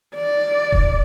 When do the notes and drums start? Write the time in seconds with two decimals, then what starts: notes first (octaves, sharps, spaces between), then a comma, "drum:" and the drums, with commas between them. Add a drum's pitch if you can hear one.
0.15 D5
0.72 drum: kick D#1